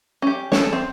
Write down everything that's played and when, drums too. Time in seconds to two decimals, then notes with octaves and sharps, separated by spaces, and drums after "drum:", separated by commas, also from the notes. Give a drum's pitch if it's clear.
0.22 C#4 G4
0.52 G#4 A4 C#5, drum: snare
0.73 C4